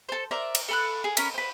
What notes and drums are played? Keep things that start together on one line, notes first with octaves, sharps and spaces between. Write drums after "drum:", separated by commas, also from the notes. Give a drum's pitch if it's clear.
A4 C5
A#4 C5 D5 E5
drum: cymbal
A4 B5 F#6
G#4
C#4 A#4 B5, drum: cymbal
B4 C5